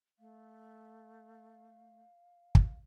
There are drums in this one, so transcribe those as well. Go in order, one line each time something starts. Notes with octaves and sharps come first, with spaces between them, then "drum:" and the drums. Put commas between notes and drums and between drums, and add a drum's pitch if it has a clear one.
A3 F5
drum: kick